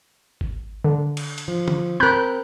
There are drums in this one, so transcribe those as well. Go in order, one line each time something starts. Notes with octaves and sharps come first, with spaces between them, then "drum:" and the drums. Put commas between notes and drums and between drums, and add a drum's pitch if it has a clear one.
drum: kick G#1
D3
drum: cymbal
drum: hi-hat
F3
drum: tom
C4 A#4 B5 F#6 G6